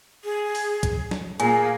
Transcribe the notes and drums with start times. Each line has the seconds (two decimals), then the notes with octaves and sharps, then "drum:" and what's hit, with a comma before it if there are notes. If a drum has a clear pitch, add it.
0.24 G#4
0.55 drum: open hi-hat
0.83 drum: kick, hi-hat
1.11 drum: snare
1.40 A#2 A#3 G#4 G#5, drum: hi-hat